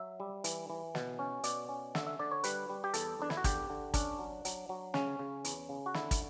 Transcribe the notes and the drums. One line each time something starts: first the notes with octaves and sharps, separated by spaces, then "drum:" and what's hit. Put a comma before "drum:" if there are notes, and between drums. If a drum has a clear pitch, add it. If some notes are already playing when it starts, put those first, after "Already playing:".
Already playing: F#3 E5
G3
E3, drum: hi-hat
E3
B2, drum: snare
C#4
B2 D5, drum: hi-hat
C#4
D3 E5, drum: snare
E5
D3 D5
C#5
G3 B4, drum: hi-hat
G3
G4
E2 A4, drum: hi-hat
E2 D4
E4, drum: snare
F#4
D3 G4, drum: kick, hi-hat
D3
C#4 D4, drum: kick, hi-hat
F#3
F#3, drum: hi-hat
F#3
C#3 C#4, drum: snare
C#3
E2, drum: hi-hat
C#3
F#4
D3 E4, drum: snare
drum: kick, hi-hat